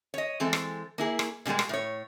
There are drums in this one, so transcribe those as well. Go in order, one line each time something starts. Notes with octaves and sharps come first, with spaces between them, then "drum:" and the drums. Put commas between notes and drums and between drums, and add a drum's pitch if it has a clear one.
C#5 D#5
E3 G#3 C4 A4
drum: rim click
A#3 E4 G#4
drum: rim click
A#2 C#3 G3 G#3 A#3
drum: rim click
A2 C#5